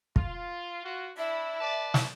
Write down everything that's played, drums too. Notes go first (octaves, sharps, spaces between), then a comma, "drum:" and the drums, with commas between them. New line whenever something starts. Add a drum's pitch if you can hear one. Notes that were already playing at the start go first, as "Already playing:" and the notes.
F4, drum: kick
F4 F#4
D4 E4 E5
B4 D5 A5
drum: snare